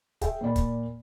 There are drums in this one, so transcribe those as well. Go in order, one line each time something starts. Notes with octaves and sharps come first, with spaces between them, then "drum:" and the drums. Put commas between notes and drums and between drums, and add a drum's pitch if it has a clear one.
G#4 E5 G5, drum: kick, hi-hat
A#2 A#3 D5 B5
drum: kick, hi-hat